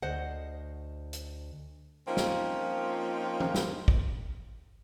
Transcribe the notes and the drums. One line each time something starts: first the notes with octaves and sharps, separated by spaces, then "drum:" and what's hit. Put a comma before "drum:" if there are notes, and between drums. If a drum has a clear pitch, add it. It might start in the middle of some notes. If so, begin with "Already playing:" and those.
D2 C5 D#5 F#5
drum: hi-hat
F3 A#3 C4 C#4 D#4 F4
drum: snare
drum: tom E3
drum: snare
drum: kick